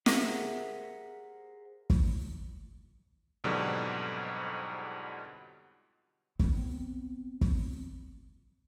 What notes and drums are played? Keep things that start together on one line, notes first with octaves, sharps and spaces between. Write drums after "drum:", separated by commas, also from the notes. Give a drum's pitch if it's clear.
G4 G#4 A#4 C5 E5 F#5, drum: snare
drum: kick
F2 G#2 B2 D3 F#3 G3
B3 C4, drum: kick
drum: kick